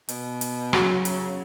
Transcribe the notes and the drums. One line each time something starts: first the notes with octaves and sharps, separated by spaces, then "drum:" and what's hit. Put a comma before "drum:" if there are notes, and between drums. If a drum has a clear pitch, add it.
B2, drum: hi-hat
drum: hi-hat
C#3 F#3, drum: rim click
drum: hi-hat